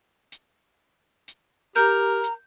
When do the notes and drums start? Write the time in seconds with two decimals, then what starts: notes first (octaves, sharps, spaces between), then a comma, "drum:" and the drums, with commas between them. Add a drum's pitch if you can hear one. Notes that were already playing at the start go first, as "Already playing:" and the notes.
0.32 drum: hi-hat
1.28 drum: hi-hat
1.76 G4 A#4 A#5 G6
2.24 drum: hi-hat